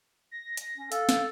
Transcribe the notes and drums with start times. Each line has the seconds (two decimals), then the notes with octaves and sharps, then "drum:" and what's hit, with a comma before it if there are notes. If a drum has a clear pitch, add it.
0.31 A#6
0.57 drum: hi-hat
0.78 C#4
0.92 A4 F5, drum: hi-hat
1.09 drum: snare